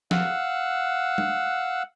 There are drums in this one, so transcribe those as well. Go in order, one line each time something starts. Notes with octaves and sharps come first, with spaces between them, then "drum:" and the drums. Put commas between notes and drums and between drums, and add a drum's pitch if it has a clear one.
F5 F#5 E6 F#6, drum: snare
drum: tom G3